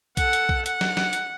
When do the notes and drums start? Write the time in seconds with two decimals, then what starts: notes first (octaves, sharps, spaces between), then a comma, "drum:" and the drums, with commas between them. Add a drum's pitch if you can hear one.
0.17 A4 F#5, drum: kick B1, hi-hat
0.33 drum: hi-hat
0.49 drum: kick B1
0.66 F#5, drum: hi-hat
0.81 drum: snare
0.97 drum: snare
1.13 drum: hi-hat